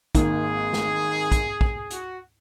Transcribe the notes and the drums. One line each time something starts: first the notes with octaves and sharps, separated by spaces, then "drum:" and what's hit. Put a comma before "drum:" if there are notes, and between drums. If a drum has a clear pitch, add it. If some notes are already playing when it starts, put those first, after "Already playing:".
G#1 G#2 D#3 A#3 G#4, drum: kick, hi-hat
drum: snare
drum: kick, hi-hat
drum: kick
F#4, drum: hi-hat